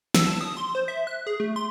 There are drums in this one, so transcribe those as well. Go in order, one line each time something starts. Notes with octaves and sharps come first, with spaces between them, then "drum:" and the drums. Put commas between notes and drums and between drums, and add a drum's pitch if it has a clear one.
E6, drum: snare
A5
D#6
C6
C5
E5
F#6
G#4
A3
C6